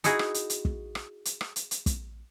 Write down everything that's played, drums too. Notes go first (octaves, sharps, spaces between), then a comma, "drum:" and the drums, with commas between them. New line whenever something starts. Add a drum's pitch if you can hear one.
D#4 E4 F#4 G#4, drum: hi-hat
drum: rim click
drum: hi-hat
drum: hi-hat
drum: kick
drum: rim click
drum: hi-hat
drum: rim click
drum: hi-hat
drum: hi-hat
drum: kick, hi-hat